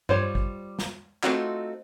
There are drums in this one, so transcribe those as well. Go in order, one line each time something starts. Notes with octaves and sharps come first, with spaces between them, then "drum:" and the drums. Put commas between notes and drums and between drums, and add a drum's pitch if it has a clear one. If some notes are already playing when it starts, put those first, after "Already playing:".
G3 F4 C5 C#5, drum: tom G2
drum: kick
drum: snare
A3 C4 D#4 F4 F#4, drum: clap